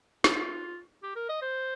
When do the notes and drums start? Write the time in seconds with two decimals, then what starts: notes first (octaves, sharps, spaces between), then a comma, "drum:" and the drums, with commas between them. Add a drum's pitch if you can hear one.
0.24 F4, drum: snare
1.03 G4
1.16 A#4
1.29 D#5
1.42 C5